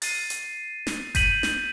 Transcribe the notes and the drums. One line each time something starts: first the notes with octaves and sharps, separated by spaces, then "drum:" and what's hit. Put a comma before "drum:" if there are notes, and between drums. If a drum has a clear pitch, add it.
A6 C7 D#7, drum: open hi-hat
drum: hi-hat
drum: snare
G6 B6 D#7 F#7, drum: kick F#1, hi-hat
drum: snare